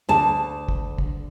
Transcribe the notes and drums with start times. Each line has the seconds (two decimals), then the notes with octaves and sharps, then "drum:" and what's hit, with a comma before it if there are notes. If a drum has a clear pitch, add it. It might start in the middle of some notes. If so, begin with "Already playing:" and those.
0.09 D2 A5
0.68 drum: kick
0.98 drum: kick